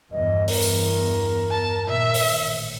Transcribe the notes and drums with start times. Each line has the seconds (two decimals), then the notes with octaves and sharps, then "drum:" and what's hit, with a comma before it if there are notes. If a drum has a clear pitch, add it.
0.11 E2 G2 E3 D#5
0.48 A#4, drum: open hi-hat
0.62 drum: tambourine
1.50 A5
1.87 A#2 D#3 E5
2.14 drum: open hi-hat
2.38 A1